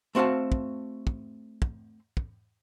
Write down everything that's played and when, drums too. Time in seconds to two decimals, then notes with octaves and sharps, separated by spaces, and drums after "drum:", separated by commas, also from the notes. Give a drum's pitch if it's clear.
0.15 A3 C4 F#4 F5 A5
0.52 drum: kick
1.07 drum: kick
1.62 drum: kick
2.17 drum: kick